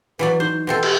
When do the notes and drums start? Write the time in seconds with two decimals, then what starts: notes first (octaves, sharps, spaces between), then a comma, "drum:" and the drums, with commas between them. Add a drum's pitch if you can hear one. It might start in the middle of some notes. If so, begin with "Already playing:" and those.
0.19 E3 F#3 B4 D5
0.40 D#4 C5
0.67 B2 C4 A4
0.83 G4, drum: cymbal